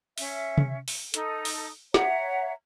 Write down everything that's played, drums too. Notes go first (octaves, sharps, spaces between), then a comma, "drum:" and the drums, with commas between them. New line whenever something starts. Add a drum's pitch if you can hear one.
C#4 E5, drum: open hi-hat
drum: tom C3
drum: open hi-hat
D#4 A4, drum: hi-hat
drum: open hi-hat
C#5 E5 F#5 A#5, drum: snare